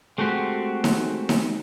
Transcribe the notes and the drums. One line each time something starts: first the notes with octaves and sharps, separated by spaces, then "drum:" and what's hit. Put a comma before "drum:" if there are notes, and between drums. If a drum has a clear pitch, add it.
G#3 A3 C4 F#4 G4
drum: snare D#4
drum: snare D#4